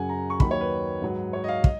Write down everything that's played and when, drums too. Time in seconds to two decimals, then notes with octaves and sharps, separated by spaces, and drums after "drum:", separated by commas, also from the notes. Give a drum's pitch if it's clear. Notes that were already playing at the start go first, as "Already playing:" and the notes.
Already playing: F#2 C#3 F#3 F#5 G#5
0.09 A#5
0.30 C#6
0.40 D#2 D#3 F#3 B5, drum: kick
0.51 C#5
0.61 B4
1.02 G#2 F#3
1.33 C#5
1.44 D#5
1.48 F5
1.64 D#5, drum: kick